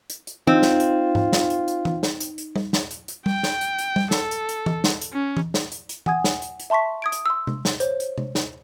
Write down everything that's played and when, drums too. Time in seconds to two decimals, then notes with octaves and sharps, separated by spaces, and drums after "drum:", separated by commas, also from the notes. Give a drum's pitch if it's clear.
0.10 drum: hi-hat
0.27 drum: hi-hat
0.47 C4 D#4 F4, drum: tom E3
0.62 drum: snare
0.80 drum: hi-hat
1.15 drum: tom G#2
1.33 drum: snare
1.50 drum: hi-hat
1.68 drum: hi-hat
1.85 drum: tom E3
2.03 drum: snare
2.20 drum: hi-hat
2.38 drum: hi-hat
2.56 drum: tom G3
2.73 drum: snare
2.91 drum: hi-hat
3.08 drum: hi-hat
3.26 G5, drum: tom G3
3.43 drum: snare
3.61 drum: hi-hat
3.78 drum: hi-hat
3.96 drum: tom G3
4.11 A4, drum: snare
4.31 drum: hi-hat
4.49 drum: hi-hat
4.66 drum: tom E3
4.84 drum: snare
5.01 drum: hi-hat
5.13 C#4
5.37 drum: tom E3
5.54 drum: snare
5.72 drum: hi-hat
5.89 drum: hi-hat
6.06 F#5 G#5 D#6 G#6, drum: tom E3
6.24 drum: snare
6.42 drum: hi-hat
6.60 drum: hi-hat
6.70 E5 A5 C6 C#6 B6
7.02 D#6 G#6 D7
7.12 drum: hi-hat
7.26 C6 E6
7.47 drum: tom C3
7.65 drum: snare
7.80 C5 C#5, drum: hi-hat
8.00 drum: hi-hat
8.18 drum: tom C3
8.35 drum: snare